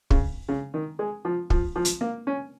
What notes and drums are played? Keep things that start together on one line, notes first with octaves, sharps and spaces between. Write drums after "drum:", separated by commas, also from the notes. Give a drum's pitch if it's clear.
C#3, drum: kick
C#3
D#3
G#3
F3
F3, drum: kick
F3
drum: hi-hat
A#3
C#4